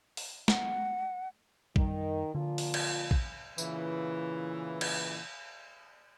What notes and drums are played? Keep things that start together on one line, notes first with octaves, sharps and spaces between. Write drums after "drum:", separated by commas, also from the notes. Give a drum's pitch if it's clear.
drum: open hi-hat
F#5, drum: snare
F#2 D#3 G3, drum: kick
A#2 D3 F3 F4
drum: open hi-hat
drum: cymbal
drum: kick
A#2 C#3 E3, drum: tambourine
drum: cymbal